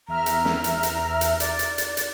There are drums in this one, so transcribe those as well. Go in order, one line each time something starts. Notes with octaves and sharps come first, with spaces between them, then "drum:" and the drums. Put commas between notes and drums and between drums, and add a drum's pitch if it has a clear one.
E2 E5 A#5 F6
drum: hi-hat
drum: snare
drum: hi-hat
drum: hi-hat
drum: hi-hat
D5, drum: hi-hat
drum: hi-hat
drum: hi-hat
drum: hi-hat